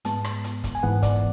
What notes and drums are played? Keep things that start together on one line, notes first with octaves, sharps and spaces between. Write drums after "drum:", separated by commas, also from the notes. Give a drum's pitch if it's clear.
G#2 G#3 B3 A5, drum: hi-hat
drum: rim click
drum: hi-hat
drum: kick, hi-hat
G#5
G#2 E3 B3 F#5
D5, drum: kick, hi-hat